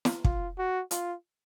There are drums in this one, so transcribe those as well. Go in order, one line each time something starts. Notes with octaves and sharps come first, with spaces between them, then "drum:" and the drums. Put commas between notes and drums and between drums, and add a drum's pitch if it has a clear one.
drum: snare
F4, drum: kick
F#4
F4, drum: hi-hat